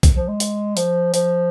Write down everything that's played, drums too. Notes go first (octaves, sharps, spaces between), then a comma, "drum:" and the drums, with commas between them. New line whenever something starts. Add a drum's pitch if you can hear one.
drum: kick B1, hi-hat
F3
G#3
drum: hi-hat
F3, drum: hi-hat
F3, drum: hi-hat